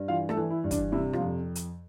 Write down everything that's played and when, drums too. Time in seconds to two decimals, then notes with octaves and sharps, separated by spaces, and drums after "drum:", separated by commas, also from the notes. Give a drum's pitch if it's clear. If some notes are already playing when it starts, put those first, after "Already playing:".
Already playing: G2
0.08 E3 F4 F5
0.29 A3 A4, drum: rim click
0.37 E3
0.50 E4
0.64 G2
0.71 D4, drum: kick, hi-hat
0.92 C3 E4
1.13 F3 F4, drum: rim click
1.20 F2
1.55 drum: hi-hat